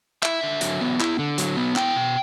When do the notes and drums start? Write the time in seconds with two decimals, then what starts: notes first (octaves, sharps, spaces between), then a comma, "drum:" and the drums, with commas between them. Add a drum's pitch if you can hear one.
0.23 E4 E5, drum: clap
0.43 D3
0.61 F#3, drum: hi-hat
0.81 B3
1.00 E4, drum: clap
1.19 D3
1.38 F#3, drum: hi-hat
1.57 B3
1.76 E4 G5, drum: clap
1.96 B2